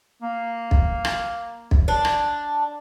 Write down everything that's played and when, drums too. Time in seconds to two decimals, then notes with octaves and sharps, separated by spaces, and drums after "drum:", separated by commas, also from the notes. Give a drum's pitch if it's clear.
0.22 A#3
0.71 drum: kick
1.05 drum: rim click
1.71 drum: kick
1.88 D4
2.05 drum: rim click